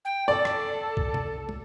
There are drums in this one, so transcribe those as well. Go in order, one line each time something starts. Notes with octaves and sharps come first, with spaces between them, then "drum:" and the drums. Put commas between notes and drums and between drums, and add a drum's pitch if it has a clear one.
G5
A4 D5
drum: rim click
drum: kick C2
drum: tom
drum: tom